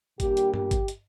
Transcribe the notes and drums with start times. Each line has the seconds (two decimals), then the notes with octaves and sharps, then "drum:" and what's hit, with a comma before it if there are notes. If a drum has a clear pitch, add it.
0.20 A#2 G3 A#3 D4 G4, drum: kick G#1, hi-hat
0.37 drum: hi-hat
0.54 G4, drum: tom G2
0.71 drum: kick G#1, hi-hat
0.88 drum: hi-hat